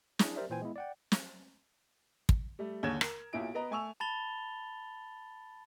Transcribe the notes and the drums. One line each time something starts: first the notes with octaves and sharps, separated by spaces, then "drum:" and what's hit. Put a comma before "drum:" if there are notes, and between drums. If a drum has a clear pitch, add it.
D4 E4 G#4, drum: snare
G4 A#4 C5 D5 E5
A#2 E3 C5 G5 G#5
G#3 B3 E4
D5 F#5 G5
drum: snare
drum: kick
G3 A3
D#2 D3 G#4 C#5 G#6 E7
A#4, drum: rim click
B1 A#2 E4 D7
B3 D#5 A#5
A3 G#5 C#6 E6 F7
A5 B5 A6 F7 G7